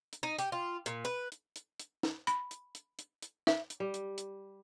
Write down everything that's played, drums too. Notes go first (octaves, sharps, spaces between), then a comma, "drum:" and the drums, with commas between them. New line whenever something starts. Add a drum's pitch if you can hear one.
drum: hi-hat
D#4
G4, drum: hi-hat
F4
A#2, drum: hi-hat
B4
drum: hi-hat
drum: hi-hat
drum: hi-hat
drum: snare
B5, drum: hi-hat
drum: hi-hat
drum: hi-hat
drum: hi-hat
drum: hi-hat
E5, drum: snare
drum: hi-hat
G3
drum: hi-hat
drum: hi-hat